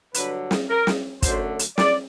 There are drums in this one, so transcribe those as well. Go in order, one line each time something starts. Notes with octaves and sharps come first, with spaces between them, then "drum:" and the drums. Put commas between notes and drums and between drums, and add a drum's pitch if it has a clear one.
G2 D3 F#3 B4, drum: hi-hat
drum: snare
A#4
drum: snare
F#2 D3 F#3 A3 C5, drum: kick, hi-hat
drum: hi-hat
D5, drum: snare